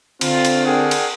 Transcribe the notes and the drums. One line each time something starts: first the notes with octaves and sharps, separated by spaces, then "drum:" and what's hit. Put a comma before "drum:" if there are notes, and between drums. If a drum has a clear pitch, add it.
D3 C4 F4, drum: cymbal
drum: cymbal
D4 G#4 A#4 F#5 G5
drum: cymbal